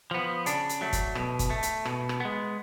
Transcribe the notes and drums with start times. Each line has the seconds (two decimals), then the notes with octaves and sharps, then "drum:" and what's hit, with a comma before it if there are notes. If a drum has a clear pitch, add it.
0.11 F3 B3
0.46 C#3 D4, drum: hi-hat
0.69 drum: hi-hat
0.81 F#3 A3
0.93 drum: kick, hi-hat
1.15 B2, drum: rim click
1.39 drum: kick, hi-hat
1.50 A3
1.63 drum: hi-hat
1.85 B2, drum: rim click
2.09 drum: rim click
2.20 G#3 B3